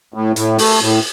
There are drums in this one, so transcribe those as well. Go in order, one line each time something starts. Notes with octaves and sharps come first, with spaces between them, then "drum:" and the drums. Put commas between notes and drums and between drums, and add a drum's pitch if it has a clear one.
A2
A2, drum: hi-hat
A3, drum: open hi-hat
A2